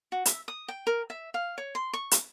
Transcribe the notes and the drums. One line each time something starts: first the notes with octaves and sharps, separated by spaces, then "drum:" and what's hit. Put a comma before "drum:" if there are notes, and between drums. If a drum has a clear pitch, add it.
F#4
E5, drum: hi-hat
D#6
G5
A#4
E5
F5
C#5
C6
C#6
drum: hi-hat